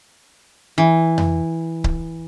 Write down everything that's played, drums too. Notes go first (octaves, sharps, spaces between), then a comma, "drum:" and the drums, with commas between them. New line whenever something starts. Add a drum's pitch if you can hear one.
E3
drum: tom F2
drum: kick C#1